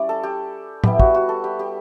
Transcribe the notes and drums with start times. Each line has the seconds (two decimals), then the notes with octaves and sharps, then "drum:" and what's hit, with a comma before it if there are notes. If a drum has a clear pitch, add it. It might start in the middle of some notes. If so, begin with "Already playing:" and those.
Already playing: G3 C#4 E4 D5
0.09 A4
0.23 G4
0.84 G3 B3 E4 G4, drum: tom A2
1.00 F#4, drum: kick
1.14 F#4
1.29 A4
1.44 G4
1.59 G4